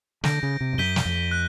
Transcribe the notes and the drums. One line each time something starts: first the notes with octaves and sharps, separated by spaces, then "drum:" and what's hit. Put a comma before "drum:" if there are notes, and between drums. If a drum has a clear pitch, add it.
D3 G6 A#6 D7, drum: snare
C#3
C3
G2
F#2 G6 B6 D#7 G7
drum: snare
F2
F#6